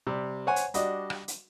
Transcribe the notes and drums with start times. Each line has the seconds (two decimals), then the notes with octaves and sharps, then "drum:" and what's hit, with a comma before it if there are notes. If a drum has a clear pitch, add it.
0.07 C3 G3
0.47 C5 C#5 F#5 G#5
0.56 drum: hi-hat
0.74 G3 D4 F#4 D#5, drum: hi-hat
1.10 drum: rim click
1.28 drum: hi-hat